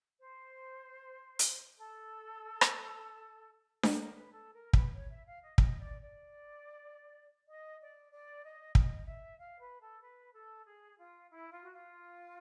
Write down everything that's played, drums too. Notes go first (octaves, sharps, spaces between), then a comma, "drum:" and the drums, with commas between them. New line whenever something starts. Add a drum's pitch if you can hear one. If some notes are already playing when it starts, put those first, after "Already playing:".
C5
drum: hi-hat
A4
drum: rim click
A#4, drum: snare D4
A#4
B4
A4
A#4
B4, drum: kick
C#5
E5
F5
D#5
D#5, drum: kick
D5
D5
D#5
D5
D5
D#5
D#5, drum: kick
E5
F5
B4
A4
B4
A4
G#4
F4
E4
F4
F#4
F4